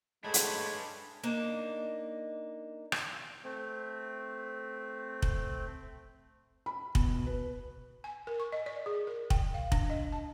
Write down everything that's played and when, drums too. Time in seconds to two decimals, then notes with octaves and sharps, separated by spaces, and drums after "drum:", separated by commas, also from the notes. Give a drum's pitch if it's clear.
0.24 G#3 A3 D4 B4 C#5 B5
0.34 drum: hi-hat
1.23 A#3 D4 D#4
2.92 drum: rim click
3.44 A3 C4
5.22 drum: kick
6.66 B5
6.95 B2, drum: kick
7.26 B4
8.04 G#5
8.27 A#4
8.40 C#6
8.52 D#5
8.66 D5
8.86 G#4
9.07 A#4
9.30 G5, drum: kick
9.54 F5
9.72 D4, drum: kick
9.90 D#5
10.12 A5